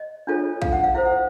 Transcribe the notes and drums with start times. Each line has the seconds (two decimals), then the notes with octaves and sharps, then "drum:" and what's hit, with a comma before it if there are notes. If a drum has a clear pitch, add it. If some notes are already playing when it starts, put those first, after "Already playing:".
Already playing: D#5
0.27 D4 F4 A4 C#5
0.62 F5, drum: kick
0.72 F#5
0.84 F5
0.95 E4 A4 C5 F5
1.05 F#5